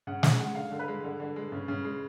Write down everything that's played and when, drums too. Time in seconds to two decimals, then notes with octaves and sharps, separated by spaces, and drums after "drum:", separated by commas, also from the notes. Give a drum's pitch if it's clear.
0.07 C#3 F#5
0.23 C#3 G#5, drum: snare
0.39 G#3 F#5
0.55 D3 F5
0.72 D3
0.79 B4
0.88 G#3
1.04 D3
1.20 D3
1.36 G#3
1.52 C#3
1.68 C#3
1.85 G#3